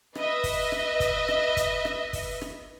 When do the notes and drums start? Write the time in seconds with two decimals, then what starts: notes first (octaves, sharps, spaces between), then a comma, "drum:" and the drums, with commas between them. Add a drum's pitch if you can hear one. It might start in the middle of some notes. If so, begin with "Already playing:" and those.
0.15 B4 D#5 E5, drum: rim click
0.44 drum: kick, open hi-hat
0.72 drum: rim click
1.00 drum: kick, hi-hat
1.28 drum: rim click
1.57 drum: kick, hi-hat
1.85 drum: rim click
2.13 drum: kick, open hi-hat
2.41 drum: rim click